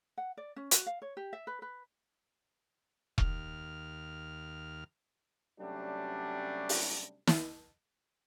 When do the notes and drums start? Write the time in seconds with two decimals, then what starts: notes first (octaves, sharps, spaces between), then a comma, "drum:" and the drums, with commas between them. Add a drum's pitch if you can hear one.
0.18 F#5
0.37 D5
0.56 C#4
0.71 F#4, drum: hi-hat
0.86 F5
1.02 C#5
1.17 G4
1.33 E5
1.47 B4
1.62 B4
3.18 D#2 F6, drum: kick E1
5.59 C3 F#3 G3 A3 C#4 D4
6.69 drum: open hi-hat
7.27 drum: snare